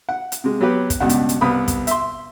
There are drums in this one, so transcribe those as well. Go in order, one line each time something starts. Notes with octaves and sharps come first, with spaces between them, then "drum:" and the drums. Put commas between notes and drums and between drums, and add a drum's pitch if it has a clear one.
F#5
drum: hi-hat
C3 G#3
F#3 B3 G4 B4
drum: kick, hi-hat
C#2 G2 B2 F#5
drum: hi-hat
drum: hi-hat
C2 B3 B5 D#6
drum: kick, hi-hat
E5 C6, drum: hi-hat